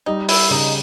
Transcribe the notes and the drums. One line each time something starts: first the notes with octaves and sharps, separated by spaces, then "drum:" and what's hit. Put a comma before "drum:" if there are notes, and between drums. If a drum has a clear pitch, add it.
G3 D#4
E4, drum: open hi-hat
C#3 D#4